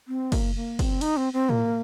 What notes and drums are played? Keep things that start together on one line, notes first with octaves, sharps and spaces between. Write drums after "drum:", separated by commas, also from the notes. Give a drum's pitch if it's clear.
C4
A#3, drum: kick, cymbal
A#3
C4, drum: kick, cymbal
D#4, drum: cymbal
C4
C4
A#3, drum: tom A2